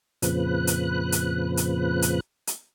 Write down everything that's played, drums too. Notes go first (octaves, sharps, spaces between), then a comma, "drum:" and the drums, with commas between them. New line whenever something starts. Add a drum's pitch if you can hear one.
F2 A#2 C#3 F3 B4 F#6, drum: hi-hat
drum: hi-hat
drum: hi-hat
drum: hi-hat
drum: hi-hat
drum: hi-hat